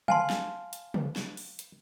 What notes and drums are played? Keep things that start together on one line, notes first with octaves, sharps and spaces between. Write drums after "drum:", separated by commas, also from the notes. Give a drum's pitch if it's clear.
F5 G#5 A5 C6, drum: tom
drum: snare
drum: hi-hat
drum: tom
drum: snare
drum: open hi-hat
drum: hi-hat